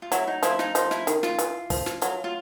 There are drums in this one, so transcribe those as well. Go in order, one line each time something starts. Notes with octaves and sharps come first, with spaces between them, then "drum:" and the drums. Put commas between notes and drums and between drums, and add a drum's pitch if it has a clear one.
F4
F#3 E4, drum: hi-hat
D#4
F3 E4, drum: hi-hat
D#4, drum: snare
F3 D#4, drum: hi-hat
E4, drum: snare
D#3, drum: hi-hat
F4, drum: snare
E3, drum: hi-hat
F3, drum: kick, open hi-hat
drum: snare
F#3 F4, drum: hi-hat
F4